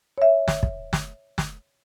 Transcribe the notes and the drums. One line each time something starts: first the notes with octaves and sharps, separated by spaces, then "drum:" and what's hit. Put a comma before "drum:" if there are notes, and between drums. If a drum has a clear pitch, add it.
C#5 E5
drum: snare
drum: kick
drum: snare
drum: snare